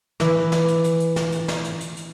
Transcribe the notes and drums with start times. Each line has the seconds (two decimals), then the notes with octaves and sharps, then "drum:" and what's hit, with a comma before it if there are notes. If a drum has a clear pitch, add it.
0.20 E3 E4 D6, drum: snare
0.52 drum: snare
0.68 drum: hi-hat
0.84 drum: hi-hat
1.00 drum: hi-hat
1.16 drum: snare
1.32 drum: hi-hat
1.48 drum: snare
1.64 drum: hi-hat
1.80 drum: hi-hat
1.97 drum: hi-hat